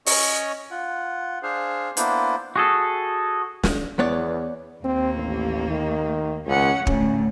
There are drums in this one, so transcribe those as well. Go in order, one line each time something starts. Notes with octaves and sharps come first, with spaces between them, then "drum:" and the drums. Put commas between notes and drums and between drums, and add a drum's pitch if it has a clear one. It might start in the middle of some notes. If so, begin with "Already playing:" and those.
C#4 C#5 D#5, drum: open hi-hat
F4 F#5
D4 G#4 C5 F5
A#3 B3 D4 E4 C5, drum: hi-hat
F#4 G#4 A4
drum: snare
E2 B3 C#5 D5
D#2 A#3 C4
A1
D#3
C#2 C#4 F#5
D2 A2 C#4, drum: kick